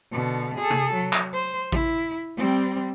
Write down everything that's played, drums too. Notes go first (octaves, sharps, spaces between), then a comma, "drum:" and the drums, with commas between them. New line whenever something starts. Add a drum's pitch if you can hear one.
B2 D3
G#4 A4
drum: tom C3
F#3
drum: clap
C5
E4, drum: kick A1
G3 C4